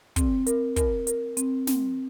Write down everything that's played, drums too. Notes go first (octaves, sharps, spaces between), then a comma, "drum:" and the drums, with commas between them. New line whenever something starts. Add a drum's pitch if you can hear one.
C4, drum: kick, hi-hat
A#4, drum: hi-hat
A#4, drum: kick, hi-hat
A#4, drum: hi-hat
C4, drum: hi-hat
C4, drum: snare